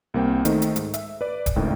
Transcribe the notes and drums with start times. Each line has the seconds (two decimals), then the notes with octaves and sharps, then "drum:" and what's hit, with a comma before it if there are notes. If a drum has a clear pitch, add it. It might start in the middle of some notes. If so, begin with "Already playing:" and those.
0.14 C2 A#3 C4 G5
0.45 D#3 A3 D#4 A4 C5, drum: hi-hat
0.62 drum: hi-hat
0.76 G#2, drum: hi-hat
0.94 E5, drum: hi-hat
1.21 B4 D5
1.46 drum: kick D#1, hi-hat
1.56 G#1 C#2 A2 D#3 G5